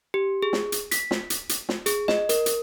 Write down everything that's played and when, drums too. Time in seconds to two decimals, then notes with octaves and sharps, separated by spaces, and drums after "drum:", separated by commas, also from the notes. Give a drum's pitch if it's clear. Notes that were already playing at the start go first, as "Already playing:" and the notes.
0.14 G4
0.43 G#4
0.53 drum: snare
0.72 drum: hi-hat
0.91 B6, drum: hi-hat
1.11 drum: snare
1.30 drum: hi-hat
1.49 drum: hi-hat
1.69 drum: snare
1.86 G#4, drum: hi-hat
2.08 D#5, drum: snare
2.29 A#4, drum: hi-hat
2.46 drum: hi-hat